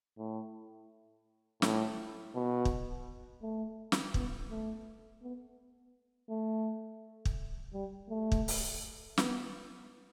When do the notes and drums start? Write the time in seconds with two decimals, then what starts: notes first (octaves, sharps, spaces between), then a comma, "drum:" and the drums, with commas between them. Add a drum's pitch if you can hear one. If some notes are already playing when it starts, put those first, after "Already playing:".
0.18 A2
1.62 A2, drum: snare
2.35 B2
2.65 drum: kick
3.42 A3
3.92 drum: snare
4.14 B3, drum: kick
4.50 A3
5.22 B3
6.29 A3
7.25 drum: kick
7.73 G3
8.09 A3
8.32 drum: kick
8.48 drum: open hi-hat
9.18 B3, drum: snare